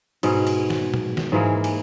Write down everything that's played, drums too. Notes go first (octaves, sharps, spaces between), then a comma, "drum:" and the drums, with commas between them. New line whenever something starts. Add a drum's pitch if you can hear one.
G#2 B2 G#3, drum: cymbal
drum: cymbal
drum: snare
drum: tom A#2
drum: snare
G#2 E3 G#3 A#3
drum: cymbal